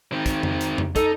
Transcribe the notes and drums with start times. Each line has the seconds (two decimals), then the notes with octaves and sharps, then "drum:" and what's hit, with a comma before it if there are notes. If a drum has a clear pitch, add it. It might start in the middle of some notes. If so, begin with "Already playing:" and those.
0.12 D#3 C4
0.26 drum: kick, hi-hat
0.43 drum: tom F2
0.61 drum: hi-hat
0.78 drum: tom F2
0.96 D#4 A4, drum: kick, hi-hat